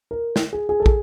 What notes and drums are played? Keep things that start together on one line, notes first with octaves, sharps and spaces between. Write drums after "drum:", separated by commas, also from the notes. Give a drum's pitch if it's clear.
A#4
drum: snare
G#4
G#4
A4
G#4, drum: kick